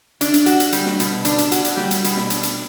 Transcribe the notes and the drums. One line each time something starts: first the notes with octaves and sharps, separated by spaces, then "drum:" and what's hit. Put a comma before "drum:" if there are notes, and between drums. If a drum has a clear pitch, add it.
D4, drum: hi-hat
drum: hi-hat
F#4, drum: hi-hat
drum: hi-hat
G3, drum: hi-hat
drum: snare
B2, drum: hi-hat
D4, drum: hi-hat
drum: hi-hat
F#4, drum: hi-hat
drum: hi-hat
G3, drum: snare
drum: hi-hat
B2, drum: hi-hat
drum: snare
D4, drum: hi-hat
drum: hi-hat